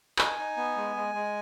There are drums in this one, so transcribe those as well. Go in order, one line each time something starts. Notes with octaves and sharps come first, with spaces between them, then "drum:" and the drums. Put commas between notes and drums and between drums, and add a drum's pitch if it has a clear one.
D#4 G#5, drum: clap
D#4
B3
G#3
G#3
G#3